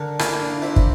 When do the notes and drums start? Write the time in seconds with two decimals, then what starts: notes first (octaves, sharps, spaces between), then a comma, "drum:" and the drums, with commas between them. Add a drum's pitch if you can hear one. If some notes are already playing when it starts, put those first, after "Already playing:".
Already playing: D3 A4 A#4
0.19 A#3 E4, drum: rim click
0.41 D4
0.62 C4 E4
0.76 drum: kick